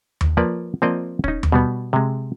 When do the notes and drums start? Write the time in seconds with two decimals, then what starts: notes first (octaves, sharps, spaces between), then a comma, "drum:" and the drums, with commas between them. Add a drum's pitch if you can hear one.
0.21 drum: tom D#2
0.37 F3 A#3 B4 D5
0.82 F3 A#3 C4 D5 D#5
1.24 C#4 D#4, drum: kick
1.43 drum: tom D#2
1.52 B2 G3 B3
1.93 C3 G#3